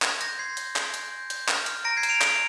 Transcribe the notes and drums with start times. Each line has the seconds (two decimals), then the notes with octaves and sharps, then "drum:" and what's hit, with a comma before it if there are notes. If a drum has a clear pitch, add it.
0.02 C6 G#6, drum: clap
0.21 C6 G6 A#6, drum: hi-hat
0.39 C6 G#6 C7
0.57 G6, drum: hi-hat
0.76 G#5, drum: clap
0.94 G6, drum: hi-hat
1.12 G6
1.30 G6, drum: hi-hat
1.48 F6, drum: clap
1.66 F6, drum: hi-hat
1.85 A#5 A#6 D7
1.97 G#6 C7
2.03 A#5, drum: hi-hat
2.09 D7 F7
2.21 A#5 D7 F7, drum: clap